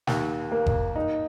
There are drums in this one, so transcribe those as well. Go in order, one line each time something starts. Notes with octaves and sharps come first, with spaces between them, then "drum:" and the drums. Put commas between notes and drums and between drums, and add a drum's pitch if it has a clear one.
D#2, drum: snare
A#3
drum: kick F#1
D#4